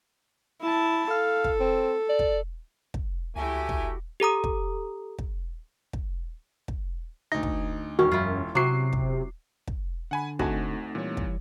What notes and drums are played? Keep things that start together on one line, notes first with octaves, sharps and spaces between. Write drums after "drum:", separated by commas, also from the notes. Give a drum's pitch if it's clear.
E4 A5
A4 F5
drum: kick
C4
D5
drum: kick
drum: kick
C#2 A3 E4 F#4 G4 G#5
drum: kick
G4 A4 A#5 D#6
drum: kick
drum: kick
drum: kick
drum: kick
D2 D#4 A#6
drum: kick
E1 D#3 C#4 F#4
F#2 E4 F4
C3 F#3 D6 C7
drum: kick
drum: kick
D3 F#5 G#5 B5
D2 A3 C4 D#4 F#4 G#5 A5, drum: kick
A#2 E3 G3 C#5
drum: kick